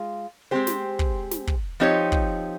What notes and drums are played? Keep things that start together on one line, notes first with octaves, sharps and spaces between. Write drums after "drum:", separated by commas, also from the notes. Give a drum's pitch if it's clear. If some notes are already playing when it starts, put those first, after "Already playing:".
Already playing: G#3 F4
G#3 C4 G4 C5
drum: snare
drum: kick
drum: snare
drum: kick
F3 C4 D#4 G4 C#5
drum: kick